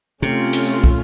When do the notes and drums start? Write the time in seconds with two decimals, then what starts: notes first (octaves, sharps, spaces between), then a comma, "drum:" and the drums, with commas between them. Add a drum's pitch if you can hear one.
0.22 C3 A3 C#4 F4
0.53 drum: hi-hat
0.84 drum: kick